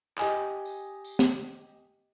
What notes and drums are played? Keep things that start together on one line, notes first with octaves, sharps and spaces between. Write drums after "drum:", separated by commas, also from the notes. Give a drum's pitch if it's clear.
G4 D#5 G#5 D#6, drum: clap
drum: tambourine
drum: tambourine
drum: snare